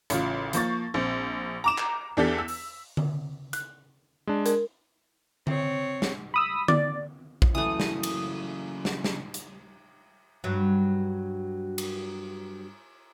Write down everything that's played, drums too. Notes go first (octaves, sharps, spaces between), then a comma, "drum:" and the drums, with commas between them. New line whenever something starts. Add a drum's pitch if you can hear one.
A1 C#3 F4, drum: hi-hat
F3 A#3 C#6 A6, drum: hi-hat
A#1 C4
A#5 D6 E7
drum: clap
E2 D4 G4 A4 B6
E6
drum: open hi-hat
drum: tom D3
F#6, drum: hi-hat
G#3 D4
A#4, drum: hi-hat
C4 C#5, drum: tom D3
drum: snare
B5 D#6 E6
D5, drum: tom D3
drum: kick A#1
C#3 E3 F#3 A3 D#6
drum: snare
drum: cymbal
drum: snare
drum: snare
drum: hi-hat
G2 F#3
drum: cymbal